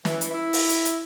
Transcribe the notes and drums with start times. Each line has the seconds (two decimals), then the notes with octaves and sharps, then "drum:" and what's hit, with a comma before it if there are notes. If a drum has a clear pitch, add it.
0.05 E3, drum: snare
0.21 drum: hi-hat
0.31 E4
0.53 drum: open hi-hat
0.69 drum: hi-hat
0.85 drum: hi-hat